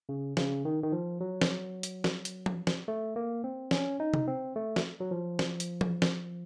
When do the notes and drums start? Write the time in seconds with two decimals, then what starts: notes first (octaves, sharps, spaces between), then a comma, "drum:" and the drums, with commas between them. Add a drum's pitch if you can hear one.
0.09 C#3
0.37 C#3, drum: snare
0.65 D#3
0.83 D#3
0.92 F3
1.21 F#3
1.41 drum: snare
1.83 drum: hi-hat
2.04 drum: snare
2.25 drum: hi-hat
2.46 drum: tom F3
2.67 drum: snare
2.88 A3
3.16 A#3
3.44 C4
3.71 C#4, drum: snare
4.00 D#4
4.14 drum: tom C3
4.28 C4
4.56 A3
4.76 drum: snare
5.00 F#3
5.11 F3
5.39 drum: snare
5.60 drum: hi-hat
5.81 drum: tom F3
6.02 drum: snare